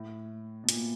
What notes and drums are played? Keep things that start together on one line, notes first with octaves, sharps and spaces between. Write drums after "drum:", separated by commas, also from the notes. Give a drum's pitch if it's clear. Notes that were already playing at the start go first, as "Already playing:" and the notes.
Already playing: A2
B2
A#2, drum: hi-hat